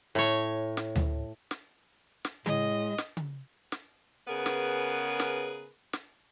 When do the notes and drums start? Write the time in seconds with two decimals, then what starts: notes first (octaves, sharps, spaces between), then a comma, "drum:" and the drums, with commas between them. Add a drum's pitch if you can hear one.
0.15 A2 C#5
0.77 drum: snare
0.96 drum: tom D2
1.51 drum: snare
2.25 drum: snare
2.46 A2 G#3 D#5, drum: tom C#3
2.98 drum: snare
3.17 drum: tom C#3
3.72 drum: snare
4.27 C#3 B3 G#4 A#4 B4
4.46 drum: snare
5.20 drum: snare
5.93 drum: snare